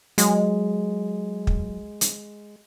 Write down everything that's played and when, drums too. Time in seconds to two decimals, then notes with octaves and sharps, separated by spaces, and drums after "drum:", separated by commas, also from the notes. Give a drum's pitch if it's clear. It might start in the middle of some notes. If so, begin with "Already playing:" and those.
0.18 F#3 G#3, drum: hi-hat
1.47 drum: kick
2.01 drum: hi-hat